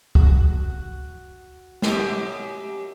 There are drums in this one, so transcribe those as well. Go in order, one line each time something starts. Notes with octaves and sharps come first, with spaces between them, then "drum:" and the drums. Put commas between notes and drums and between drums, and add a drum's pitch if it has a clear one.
F#4, drum: kick
F#2 G4 D#5, drum: snare